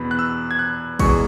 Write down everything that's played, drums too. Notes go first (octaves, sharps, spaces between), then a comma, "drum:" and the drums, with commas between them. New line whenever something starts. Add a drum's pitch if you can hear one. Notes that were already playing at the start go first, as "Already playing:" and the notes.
Already playing: E2 B2 B3 B5
F#6
E6
G#6
F#6
E2 B2 G#3 C#6, drum: kick, cymbal